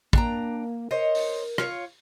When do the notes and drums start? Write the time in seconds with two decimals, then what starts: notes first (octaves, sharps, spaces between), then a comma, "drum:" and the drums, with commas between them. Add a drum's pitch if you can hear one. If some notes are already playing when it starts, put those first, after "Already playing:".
0.13 A#3 D4 G5 A#5, drum: kick
0.91 A#4 C5 C#5 D#5
1.15 drum: open hi-hat
1.58 F4 C#5, drum: rim click